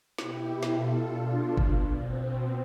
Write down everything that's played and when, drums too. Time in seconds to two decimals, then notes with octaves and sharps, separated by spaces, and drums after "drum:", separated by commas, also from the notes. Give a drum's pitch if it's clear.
0.18 B2 E4 G4, drum: snare
0.63 F4 A4, drum: snare
1.07 B2 D4 F4
1.57 drum: kick G1
1.96 B2 C4